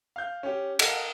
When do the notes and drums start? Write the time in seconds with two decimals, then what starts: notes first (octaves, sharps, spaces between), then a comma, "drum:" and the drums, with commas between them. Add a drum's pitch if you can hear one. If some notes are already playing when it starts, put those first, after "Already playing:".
0.16 F5 G6
0.43 C#4 G4
0.79 A4 A#4 D#5 F5 F#5, drum: cymbal